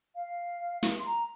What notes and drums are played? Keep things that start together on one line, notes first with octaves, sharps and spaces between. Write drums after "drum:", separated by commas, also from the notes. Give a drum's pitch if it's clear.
F5
drum: snare
C6
A#5